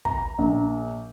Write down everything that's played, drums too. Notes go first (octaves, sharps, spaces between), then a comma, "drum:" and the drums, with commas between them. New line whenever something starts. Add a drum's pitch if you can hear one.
A#5, drum: kick
A#1